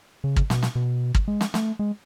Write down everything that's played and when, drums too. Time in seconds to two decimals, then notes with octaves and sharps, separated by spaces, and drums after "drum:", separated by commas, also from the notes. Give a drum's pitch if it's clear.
0.24 C#3
0.36 drum: kick
0.50 B2, drum: snare
0.63 drum: snare
0.75 B2
1.15 drum: kick
1.28 G#3
1.41 drum: snare
1.54 A3, drum: snare
1.79 G#3